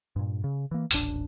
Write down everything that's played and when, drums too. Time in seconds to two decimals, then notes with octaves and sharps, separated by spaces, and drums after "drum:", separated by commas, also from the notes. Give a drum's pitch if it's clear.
0.16 G2 A#2
0.44 C#3
0.71 E3 A#3
0.91 D#1 A1 D4, drum: open hi-hat